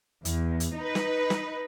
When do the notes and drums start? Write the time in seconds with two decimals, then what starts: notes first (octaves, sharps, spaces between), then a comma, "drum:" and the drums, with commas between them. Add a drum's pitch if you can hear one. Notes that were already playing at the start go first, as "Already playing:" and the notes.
0.25 E2, drum: hi-hat
0.60 drum: hi-hat
0.76 D#4 B4
0.95 drum: snare
1.30 drum: snare